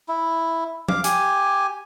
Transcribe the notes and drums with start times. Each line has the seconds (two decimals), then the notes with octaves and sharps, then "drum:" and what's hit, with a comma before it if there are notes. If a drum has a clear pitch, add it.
0.09 E4
0.89 F5 D6, drum: tom F3
1.04 G4 G#5, drum: hi-hat